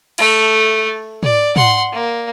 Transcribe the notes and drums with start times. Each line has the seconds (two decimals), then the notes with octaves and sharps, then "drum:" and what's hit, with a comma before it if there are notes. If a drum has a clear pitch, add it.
0.18 A3, drum: cymbal
1.23 D5, drum: tom
1.56 F#5 C6, drum: tom
1.92 A#3